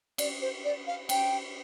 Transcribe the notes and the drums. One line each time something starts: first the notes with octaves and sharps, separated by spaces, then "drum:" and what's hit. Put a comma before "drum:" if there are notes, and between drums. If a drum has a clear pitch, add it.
D5, drum: cymbal
C5
D5
F5
G5, drum: cymbal